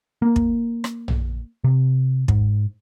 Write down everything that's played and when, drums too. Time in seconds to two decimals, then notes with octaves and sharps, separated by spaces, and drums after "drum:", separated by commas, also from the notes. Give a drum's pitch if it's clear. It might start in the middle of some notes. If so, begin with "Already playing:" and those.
0.22 A#3
0.36 drum: kick
0.84 drum: rim click
1.08 drum: tom A#1
1.64 C3
2.28 G#2, drum: kick